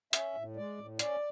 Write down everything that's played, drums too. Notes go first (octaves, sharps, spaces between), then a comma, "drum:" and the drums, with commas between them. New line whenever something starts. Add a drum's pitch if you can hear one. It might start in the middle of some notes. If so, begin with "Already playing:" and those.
C#4 E5, drum: hi-hat
A2
G#3 D5
A2
C#4 D5, drum: hi-hat